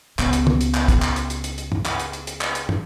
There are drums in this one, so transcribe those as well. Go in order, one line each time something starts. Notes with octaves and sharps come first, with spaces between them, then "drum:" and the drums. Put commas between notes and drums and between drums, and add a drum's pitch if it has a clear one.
C#2 B3, drum: clap
drum: hi-hat
drum: tom
drum: hi-hat
drum: clap
drum: kick, hi-hat
drum: clap
drum: hi-hat
drum: hi-hat
drum: hi-hat
drum: hi-hat
drum: tom
drum: clap
drum: hi-hat
drum: hi-hat
drum: hi-hat
drum: clap
drum: hi-hat
drum: tom